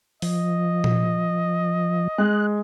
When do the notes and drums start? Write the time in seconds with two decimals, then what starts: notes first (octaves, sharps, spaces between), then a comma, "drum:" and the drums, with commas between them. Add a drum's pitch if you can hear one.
0.22 F3 D#5, drum: open hi-hat
0.84 drum: tom A#2
2.18 G#3 F#6